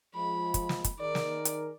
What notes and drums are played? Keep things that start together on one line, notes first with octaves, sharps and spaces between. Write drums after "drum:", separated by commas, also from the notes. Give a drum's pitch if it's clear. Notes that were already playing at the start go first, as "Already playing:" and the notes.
F3 G#3 B5
drum: kick, hi-hat
drum: snare
drum: kick, hi-hat
D#3 G#4 A#4 D5
drum: snare
drum: hi-hat